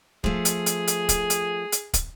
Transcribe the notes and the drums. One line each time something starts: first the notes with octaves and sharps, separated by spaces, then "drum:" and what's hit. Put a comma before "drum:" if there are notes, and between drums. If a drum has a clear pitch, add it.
F3 A3 G#4, drum: kick
drum: hi-hat
drum: hi-hat
drum: hi-hat
drum: kick, hi-hat
drum: hi-hat
drum: hi-hat
drum: kick, hi-hat